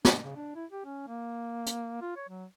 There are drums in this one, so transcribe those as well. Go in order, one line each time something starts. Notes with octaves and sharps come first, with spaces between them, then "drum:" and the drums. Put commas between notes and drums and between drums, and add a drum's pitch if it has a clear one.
D4, drum: snare
C#3
D4
E4
G4
C#4
A#3
drum: hi-hat
F4
C#5
F#3